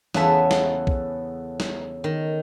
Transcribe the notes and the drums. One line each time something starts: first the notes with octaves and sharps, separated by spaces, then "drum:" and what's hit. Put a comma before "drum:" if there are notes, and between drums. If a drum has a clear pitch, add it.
E2 C#3 B3 A4 E5, drum: snare
drum: snare
drum: kick B1
drum: snare
D#3